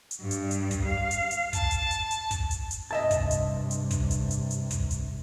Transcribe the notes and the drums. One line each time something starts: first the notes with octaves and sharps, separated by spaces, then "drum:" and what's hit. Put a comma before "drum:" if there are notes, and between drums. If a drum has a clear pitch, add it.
drum: hi-hat
G2
drum: hi-hat
drum: hi-hat
drum: kick, hi-hat
F5
drum: hi-hat
drum: hi-hat
A5, drum: kick, hi-hat
drum: hi-hat
drum: hi-hat
drum: hi-hat
drum: kick, hi-hat
drum: hi-hat
drum: hi-hat
G2 C3 D#5 E5 A5
drum: kick, hi-hat
drum: hi-hat
drum: hi-hat
drum: kick, hi-hat
drum: hi-hat
drum: hi-hat
drum: hi-hat
drum: kick, hi-hat
drum: hi-hat